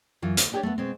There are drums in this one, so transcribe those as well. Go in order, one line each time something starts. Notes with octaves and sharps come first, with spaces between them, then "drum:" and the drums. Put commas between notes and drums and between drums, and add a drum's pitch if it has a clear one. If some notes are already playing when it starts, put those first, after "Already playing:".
F#2 E3 F4
D2, drum: hi-hat
D4 D#4 G4 G#4 C#5 D5
A3 B3
B2 G#3 C4